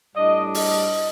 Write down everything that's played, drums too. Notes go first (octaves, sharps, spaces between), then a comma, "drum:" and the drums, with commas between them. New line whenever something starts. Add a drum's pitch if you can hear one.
A2 G3 D4 D#5
D#5, drum: open hi-hat